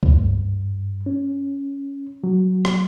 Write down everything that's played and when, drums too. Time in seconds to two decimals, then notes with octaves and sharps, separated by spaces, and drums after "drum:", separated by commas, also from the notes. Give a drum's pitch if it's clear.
0.03 G2, drum: kick C#2
1.06 C#4
2.24 F#3
2.65 drum: rim click